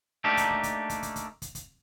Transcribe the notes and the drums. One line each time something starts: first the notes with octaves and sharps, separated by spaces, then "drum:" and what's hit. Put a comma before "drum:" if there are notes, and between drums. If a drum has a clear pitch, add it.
A3 A#3 D4 D#4 G4
drum: kick, hi-hat
drum: kick
drum: kick, hi-hat
drum: kick, hi-hat
drum: kick, hi-hat
drum: kick, hi-hat
drum: kick, hi-hat
drum: kick, hi-hat